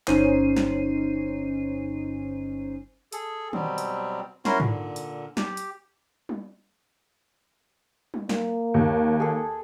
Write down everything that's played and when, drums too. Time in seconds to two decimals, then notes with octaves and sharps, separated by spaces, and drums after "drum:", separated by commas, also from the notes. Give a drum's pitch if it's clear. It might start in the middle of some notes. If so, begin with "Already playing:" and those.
0.08 G1 C#4 D#4 C5 C7 D#7, drum: clap
0.57 drum: snare
3.12 G#4 A4, drum: hi-hat
3.53 B2 F#3 G3 C4, drum: tom D#3
3.78 drum: hi-hat
4.45 C#4 E4 F#4 A#4 C6, drum: snare
4.60 A#2 D3, drum: tom G#2
4.96 drum: hi-hat
5.37 G4, drum: snare
5.57 drum: hi-hat
6.29 drum: tom G3
8.14 drum: tom G3
8.29 A#3, drum: snare
8.74 D#2
9.20 G#4 A4